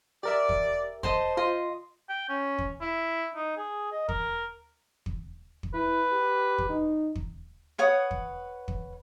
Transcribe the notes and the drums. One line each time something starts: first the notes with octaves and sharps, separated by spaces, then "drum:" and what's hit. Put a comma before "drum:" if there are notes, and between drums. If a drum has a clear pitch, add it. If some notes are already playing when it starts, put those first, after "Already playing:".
G4 A#4 D5 E5
drum: kick
C5 D#5 A5 C6, drum: kick
F4 D#5 C6
G5
C#4
drum: kick
E4
D#4
G#4
D#5
A#4, drum: kick
drum: kick
drum: kick
E4 B4
G4
drum: kick
D#4
drum: kick
B4 C#5 F#5 D#6
drum: kick
drum: kick